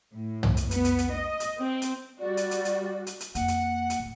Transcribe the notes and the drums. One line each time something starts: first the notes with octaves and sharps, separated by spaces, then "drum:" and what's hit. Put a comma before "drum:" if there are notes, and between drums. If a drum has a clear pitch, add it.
A2
drum: tom
drum: hi-hat
B3, drum: hi-hat
drum: hi-hat
drum: hi-hat
D#5
drum: hi-hat
C4
drum: hi-hat
G3 F#4 D5
drum: hi-hat
drum: hi-hat
drum: hi-hat
drum: hi-hat
drum: hi-hat
F2 A#3 F#5, drum: hi-hat
drum: hi-hat
drum: hi-hat
D1